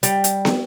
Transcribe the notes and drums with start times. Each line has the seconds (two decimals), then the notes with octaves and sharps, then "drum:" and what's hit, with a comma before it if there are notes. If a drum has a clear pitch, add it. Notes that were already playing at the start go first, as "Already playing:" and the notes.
0.03 G3, drum: hi-hat
0.24 drum: hi-hat
0.45 drum: snare